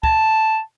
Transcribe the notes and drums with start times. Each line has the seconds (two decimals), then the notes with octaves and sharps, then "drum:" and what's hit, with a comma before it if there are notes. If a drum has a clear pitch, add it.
0.03 A5, drum: kick